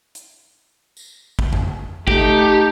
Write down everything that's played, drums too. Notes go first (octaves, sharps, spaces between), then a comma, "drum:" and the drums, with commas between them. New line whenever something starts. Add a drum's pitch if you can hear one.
drum: hi-hat
drum: tambourine
drum: kick
drum: tom F2
A3 D#4 G4, drum: kick